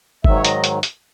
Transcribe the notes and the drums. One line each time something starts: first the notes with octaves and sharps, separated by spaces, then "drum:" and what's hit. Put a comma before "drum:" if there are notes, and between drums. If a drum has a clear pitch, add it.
G#2 D#3 F#3 E5, drum: kick G1
C#5
D#5, drum: hi-hat
drum: hi-hat
drum: hi-hat